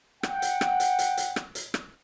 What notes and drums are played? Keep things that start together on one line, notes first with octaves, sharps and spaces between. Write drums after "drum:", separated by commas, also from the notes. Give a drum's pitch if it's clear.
F#5 G5, drum: rim click
drum: hi-hat
drum: rim click
drum: hi-hat
drum: hi-hat
drum: hi-hat
drum: rim click
drum: hi-hat
drum: rim click